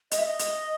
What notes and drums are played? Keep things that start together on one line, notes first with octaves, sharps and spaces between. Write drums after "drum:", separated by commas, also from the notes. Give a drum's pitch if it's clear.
D#5, drum: hi-hat
E5
D#5
drum: hi-hat